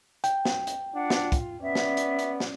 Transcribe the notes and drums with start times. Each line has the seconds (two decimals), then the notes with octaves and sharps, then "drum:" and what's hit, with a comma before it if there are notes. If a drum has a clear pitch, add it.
0.24 G5, drum: hi-hat
0.45 drum: snare
0.67 drum: hi-hat
0.95 D4 F4 F#5
1.10 drum: snare
1.32 drum: kick, hi-hat
1.63 B3 C#4 D5 E5
1.75 drum: snare
1.97 drum: hi-hat
2.19 drum: hi-hat
2.40 drum: snare